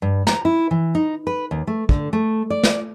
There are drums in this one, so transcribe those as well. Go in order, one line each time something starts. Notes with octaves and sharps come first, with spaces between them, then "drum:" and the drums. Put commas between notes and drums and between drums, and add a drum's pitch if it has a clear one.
G2
A#5, drum: snare
E4
E3
D#4
B4
D#2
A3
D3, drum: kick
A3
D5
drum: snare